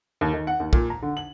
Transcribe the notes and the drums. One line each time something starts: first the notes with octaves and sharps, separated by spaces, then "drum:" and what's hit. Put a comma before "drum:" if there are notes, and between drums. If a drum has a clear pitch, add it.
D#2
D#3
F#5
D#2
A#2, drum: kick
A#5
D3
F#7